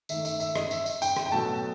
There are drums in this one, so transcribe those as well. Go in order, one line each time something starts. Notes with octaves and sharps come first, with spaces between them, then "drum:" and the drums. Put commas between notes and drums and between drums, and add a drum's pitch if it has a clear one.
D#3 A3 E5, drum: tambourine
E5, drum: tambourine
E5, drum: tambourine
D#5, drum: rim click
E5, drum: tambourine
drum: tambourine
G5, drum: tambourine
drum: rim click
G5
B2 F#3 A3 A5